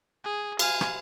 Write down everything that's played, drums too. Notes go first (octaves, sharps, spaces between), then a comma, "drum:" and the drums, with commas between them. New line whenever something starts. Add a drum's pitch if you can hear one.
G#4
F5 G#5, drum: cymbal
drum: rim click